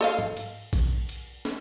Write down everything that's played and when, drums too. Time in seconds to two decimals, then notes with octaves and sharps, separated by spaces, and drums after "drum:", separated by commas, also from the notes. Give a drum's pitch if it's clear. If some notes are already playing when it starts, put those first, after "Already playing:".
0.01 A4 D#5 F5
0.19 drum: tom G#2
0.37 drum: cymbal
0.73 drum: kick A#1, cymbal
1.09 drum: cymbal
1.45 drum: snare